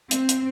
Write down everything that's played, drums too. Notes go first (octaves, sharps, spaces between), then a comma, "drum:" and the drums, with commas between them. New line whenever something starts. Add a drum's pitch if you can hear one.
C4, drum: hi-hat
drum: hi-hat